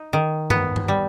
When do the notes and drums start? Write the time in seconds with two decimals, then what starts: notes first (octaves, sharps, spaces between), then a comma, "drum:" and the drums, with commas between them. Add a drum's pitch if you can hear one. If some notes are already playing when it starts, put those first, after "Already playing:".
Already playing: D#4
0.13 D#3
0.50 B3, drum: tom G2
0.76 drum: tom G2
0.88 G3